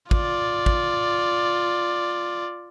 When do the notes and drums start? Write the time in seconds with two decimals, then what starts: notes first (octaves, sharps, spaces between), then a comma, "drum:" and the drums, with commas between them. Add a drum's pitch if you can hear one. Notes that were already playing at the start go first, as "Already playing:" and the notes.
0.11 F4 D5, drum: kick
0.66 drum: kick